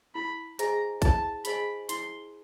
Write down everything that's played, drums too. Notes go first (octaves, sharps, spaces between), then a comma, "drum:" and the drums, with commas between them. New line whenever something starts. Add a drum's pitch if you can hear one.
E4 B5
G#4 C5 D#5 G#5 A#5, drum: hi-hat
E4 A5, drum: kick A#1, hi-hat
G#4 C5 D#5 G#5 B5, drum: hi-hat
E4 C6, drum: hi-hat